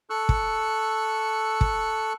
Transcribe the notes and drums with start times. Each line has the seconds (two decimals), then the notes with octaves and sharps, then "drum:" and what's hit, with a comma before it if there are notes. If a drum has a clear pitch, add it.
0.10 A4 C#6 E6 F#6
0.29 drum: kick
1.61 drum: kick